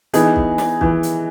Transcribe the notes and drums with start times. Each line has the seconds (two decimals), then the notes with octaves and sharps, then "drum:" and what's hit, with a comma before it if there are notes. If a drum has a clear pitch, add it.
0.13 E3 B3 D#4 G#4, drum: hi-hat
0.36 drum: kick
0.58 drum: snare
0.81 E3, drum: kick
1.03 drum: hi-hat